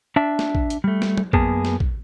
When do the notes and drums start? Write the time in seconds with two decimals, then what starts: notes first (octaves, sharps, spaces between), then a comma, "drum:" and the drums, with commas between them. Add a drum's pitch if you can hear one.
0.16 D4 E5 A5
0.39 drum: snare
0.55 drum: kick
0.70 drum: hi-hat
0.84 G3 A3
1.02 drum: snare
1.18 drum: tom
1.33 F#2 A#3 B3 G#4 A5, drum: kick
1.65 drum: snare
1.80 drum: kick